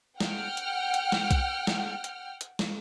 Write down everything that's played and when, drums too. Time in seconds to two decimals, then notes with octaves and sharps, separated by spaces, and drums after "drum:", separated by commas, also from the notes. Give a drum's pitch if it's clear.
0.20 F#5 G5 F6, drum: snare
0.57 drum: hi-hat
0.94 drum: hi-hat
1.12 drum: snare
1.31 drum: kick B1, hi-hat
1.67 drum: snare
2.04 drum: hi-hat
2.41 drum: hi-hat
2.59 drum: snare